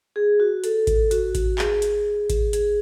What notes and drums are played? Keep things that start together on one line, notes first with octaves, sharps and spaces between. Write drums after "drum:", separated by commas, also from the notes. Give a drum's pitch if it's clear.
G#4
F#4
A4, drum: hi-hat
drum: kick A1, hi-hat
F#4, drum: hi-hat
drum: kick A1, hi-hat
G#4, drum: clap
drum: hi-hat
drum: kick A1, hi-hat
G#4, drum: hi-hat